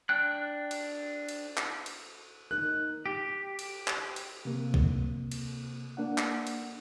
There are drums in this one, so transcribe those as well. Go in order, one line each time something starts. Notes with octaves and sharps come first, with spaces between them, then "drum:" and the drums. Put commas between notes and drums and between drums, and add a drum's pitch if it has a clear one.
D4 G5 F#6
drum: cymbal
drum: cymbal
drum: clap
drum: cymbal
D#4 A#4 F#6
G4
drum: cymbal
drum: clap
drum: cymbal
C3 A#3
drum: kick
drum: cymbal
A#3 D4 F#5
drum: clap
drum: cymbal